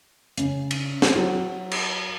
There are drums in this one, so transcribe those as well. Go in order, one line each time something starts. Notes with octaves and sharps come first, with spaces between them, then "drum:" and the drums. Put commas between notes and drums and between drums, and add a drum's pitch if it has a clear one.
C#3, drum: hi-hat
drum: cymbal
drum: snare
F#3
drum: cymbal